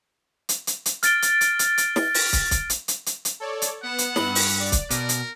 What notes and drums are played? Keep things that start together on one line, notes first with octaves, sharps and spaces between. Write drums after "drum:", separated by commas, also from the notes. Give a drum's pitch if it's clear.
drum: hi-hat
drum: hi-hat
drum: hi-hat
F6 A6 D7 G7, drum: hi-hat
drum: hi-hat
drum: hi-hat
drum: hi-hat
drum: hi-hat
drum: snare
drum: open hi-hat
drum: kick, hi-hat
drum: kick, hi-hat
drum: hi-hat
drum: hi-hat
drum: hi-hat
drum: hi-hat
A4 C#5 D5
drum: hi-hat
B3 F#5 E7
drum: hi-hat
G2 B5, drum: snare
drum: open hi-hat
D5
drum: kick, hi-hat
B2 A#4, drum: hi-hat
drum: hi-hat